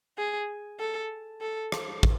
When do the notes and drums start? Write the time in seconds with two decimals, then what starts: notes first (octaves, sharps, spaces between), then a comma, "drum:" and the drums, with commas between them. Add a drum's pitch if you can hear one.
0.18 G#4
0.80 A4
1.41 A4
1.72 drum: rim click
2.03 drum: kick